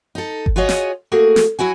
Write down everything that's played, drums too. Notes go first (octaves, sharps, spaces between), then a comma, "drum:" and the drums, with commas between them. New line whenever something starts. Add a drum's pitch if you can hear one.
D#4 A4
drum: kick G1
F4 F#4 G#4 C#5 D#5
drum: snare
A3 A#3 F#4 G#4
drum: snare
F#3 E4 F#4 G#5